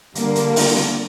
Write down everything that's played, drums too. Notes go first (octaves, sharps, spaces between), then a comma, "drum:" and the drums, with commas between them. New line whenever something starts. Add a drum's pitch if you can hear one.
D3 G3 A#3, drum: hi-hat
drum: hi-hat
drum: open hi-hat
drum: snare